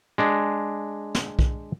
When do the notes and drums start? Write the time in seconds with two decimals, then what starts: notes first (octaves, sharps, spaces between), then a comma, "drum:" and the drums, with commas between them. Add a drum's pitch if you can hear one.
0.18 G#3 D4
1.15 drum: snare
1.39 drum: kick B1